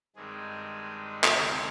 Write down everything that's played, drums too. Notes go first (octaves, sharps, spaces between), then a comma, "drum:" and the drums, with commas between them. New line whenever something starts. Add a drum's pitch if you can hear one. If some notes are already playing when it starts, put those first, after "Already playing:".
G2 D#3 G#3 C4 G#4
D2 C3 D#3 G#3 C4 A#4, drum: clap